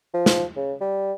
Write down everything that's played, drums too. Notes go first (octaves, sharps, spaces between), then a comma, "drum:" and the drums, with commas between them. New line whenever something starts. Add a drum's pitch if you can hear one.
F3
drum: snare
C#3
G3